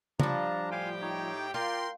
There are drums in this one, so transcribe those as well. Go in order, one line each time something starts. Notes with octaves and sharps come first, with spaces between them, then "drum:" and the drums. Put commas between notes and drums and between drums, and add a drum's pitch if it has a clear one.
F3 G3 D4 A5 A#5, drum: tom C#3
A2 G4 F5 G5 G#5
D#4 C#5
F4 A#4 D5 G5 C6